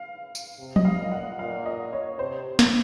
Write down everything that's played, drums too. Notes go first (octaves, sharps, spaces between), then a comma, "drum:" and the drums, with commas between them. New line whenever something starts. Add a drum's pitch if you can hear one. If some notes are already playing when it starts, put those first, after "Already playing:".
Already playing: F5
drum: tambourine
C3
D#5, drum: tom
F5
A#2
F#5
A#2 F5
D#5
C#5
C3 C5
drum: snare